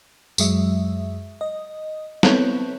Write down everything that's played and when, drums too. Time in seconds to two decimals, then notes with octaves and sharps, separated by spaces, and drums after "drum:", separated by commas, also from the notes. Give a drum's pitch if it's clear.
0.38 F#2 F#3 G#3 E5, drum: tambourine
1.41 D#5
2.23 B3 C4 E4 A4 B4 C#5, drum: snare